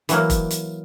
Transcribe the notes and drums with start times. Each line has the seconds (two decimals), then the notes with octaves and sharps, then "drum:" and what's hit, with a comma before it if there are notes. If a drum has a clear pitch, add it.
0.09 E3 F#3 A#3, drum: hi-hat
0.30 drum: kick F1, hi-hat
0.51 drum: hi-hat